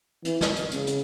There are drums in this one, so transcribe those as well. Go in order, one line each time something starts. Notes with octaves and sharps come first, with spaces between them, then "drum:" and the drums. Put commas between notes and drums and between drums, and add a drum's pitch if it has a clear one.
E3, drum: hi-hat
drum: snare
drum: hi-hat
C#3, drum: hi-hat
drum: hi-hat